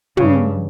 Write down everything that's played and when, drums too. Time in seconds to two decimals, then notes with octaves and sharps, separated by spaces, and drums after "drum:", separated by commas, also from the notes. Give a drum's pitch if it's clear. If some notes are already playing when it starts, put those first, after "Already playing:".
0.17 G2 C#3, drum: tom